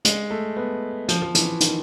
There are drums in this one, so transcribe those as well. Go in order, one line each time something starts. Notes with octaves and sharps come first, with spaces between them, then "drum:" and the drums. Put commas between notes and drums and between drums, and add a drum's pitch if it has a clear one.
G#3, drum: hi-hat
A3
B3
F3, drum: hi-hat
F3
E3, drum: hi-hat
D#3, drum: hi-hat